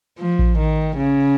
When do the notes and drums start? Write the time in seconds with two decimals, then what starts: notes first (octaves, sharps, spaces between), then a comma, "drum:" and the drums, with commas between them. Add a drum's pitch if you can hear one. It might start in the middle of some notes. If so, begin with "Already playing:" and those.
0.18 F3
0.39 drum: kick A1
0.58 D#3
0.97 C#3